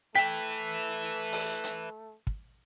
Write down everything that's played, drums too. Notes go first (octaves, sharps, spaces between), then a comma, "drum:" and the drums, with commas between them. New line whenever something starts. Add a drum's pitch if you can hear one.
A3 B4 E5 G5 B6
drum: open hi-hat
drum: hi-hat
drum: kick